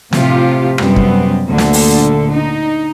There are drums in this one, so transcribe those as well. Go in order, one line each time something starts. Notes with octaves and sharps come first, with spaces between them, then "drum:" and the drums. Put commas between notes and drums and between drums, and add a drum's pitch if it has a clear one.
A2 C3 F3 F4 G4, drum: snare
F#2 C3 G3 B3 C4, drum: rim click
drum: kick
D2 A#2 D3 A4
drum: snare
drum: open hi-hat
D#4